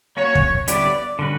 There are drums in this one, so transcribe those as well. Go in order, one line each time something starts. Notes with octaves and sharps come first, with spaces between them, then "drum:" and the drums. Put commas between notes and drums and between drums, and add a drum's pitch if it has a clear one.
A#3 C#4 F#4 C#5
drum: kick
D3 G3 B3 E4 G4 D5, drum: hi-hat
D3 G3 C#4 F#4 B4